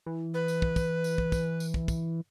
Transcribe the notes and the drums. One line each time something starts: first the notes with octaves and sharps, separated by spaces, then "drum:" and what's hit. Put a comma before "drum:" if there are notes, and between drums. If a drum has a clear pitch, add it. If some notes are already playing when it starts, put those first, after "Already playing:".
E3
B4
drum: tambourine
drum: kick
drum: kick, tambourine
drum: tambourine
drum: kick
drum: kick, tambourine
drum: tambourine
drum: kick
drum: kick, tambourine